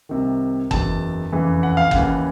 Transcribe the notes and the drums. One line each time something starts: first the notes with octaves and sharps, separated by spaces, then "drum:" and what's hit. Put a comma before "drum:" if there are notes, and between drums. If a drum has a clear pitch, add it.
C2 C3 D#3
F#1 E2 B2 A5, drum: kick
F1 E2 C#3 E3
F#5
F5
D#2 C#3 E3 F#5, drum: kick